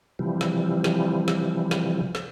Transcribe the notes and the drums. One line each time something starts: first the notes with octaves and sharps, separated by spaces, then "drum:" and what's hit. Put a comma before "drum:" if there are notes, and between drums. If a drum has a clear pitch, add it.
C3 E3 F3 G3
drum: snare
drum: snare
drum: snare
drum: snare
drum: snare